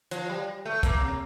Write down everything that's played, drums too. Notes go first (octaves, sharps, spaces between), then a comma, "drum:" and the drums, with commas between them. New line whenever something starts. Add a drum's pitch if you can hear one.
F3, drum: hi-hat
G3
A3
A#3, drum: kick, hi-hat
C3